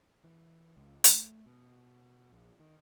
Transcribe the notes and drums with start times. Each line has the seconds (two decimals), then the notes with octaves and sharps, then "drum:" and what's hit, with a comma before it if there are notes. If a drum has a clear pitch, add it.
0.24 E3
0.77 C#2
1.04 A3, drum: hi-hat
1.46 B2
2.32 A#1
2.60 D#3